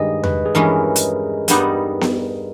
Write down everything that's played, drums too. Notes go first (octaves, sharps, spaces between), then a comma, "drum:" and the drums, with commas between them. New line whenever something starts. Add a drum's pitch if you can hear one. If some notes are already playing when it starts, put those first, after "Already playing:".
Already playing: G2 D#3 G#3 D#5
B4, drum: tom E2
G#4
G2 E3 G#3 C#4 A#4
drum: hi-hat
G2 G3 B3 D#4, drum: hi-hat
drum: snare B3